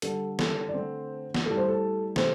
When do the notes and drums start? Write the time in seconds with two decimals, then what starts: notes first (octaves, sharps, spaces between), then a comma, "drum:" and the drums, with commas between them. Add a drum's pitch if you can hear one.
0.02 D3 G3 A4, drum: hi-hat
0.39 A4, drum: snare
0.69 D5
0.74 D3 A3 C4 C5
1.34 drum: snare
1.46 A2 G3 A4
1.57 C5
1.69 A4
2.16 C3 A3 C4 C5, drum: snare